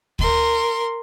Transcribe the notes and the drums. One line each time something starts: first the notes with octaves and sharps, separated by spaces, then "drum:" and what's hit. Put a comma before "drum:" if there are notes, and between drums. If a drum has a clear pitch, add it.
A#4 C6, drum: kick D2